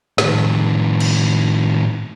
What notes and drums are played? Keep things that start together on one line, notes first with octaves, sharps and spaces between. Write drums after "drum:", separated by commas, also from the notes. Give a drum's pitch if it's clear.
A2 D#3, drum: snare
drum: cymbal